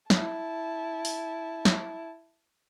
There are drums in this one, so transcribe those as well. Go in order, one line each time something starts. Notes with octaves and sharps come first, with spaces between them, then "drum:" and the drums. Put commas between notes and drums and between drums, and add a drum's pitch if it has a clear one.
E4 A5, drum: snare
drum: open hi-hat
drum: snare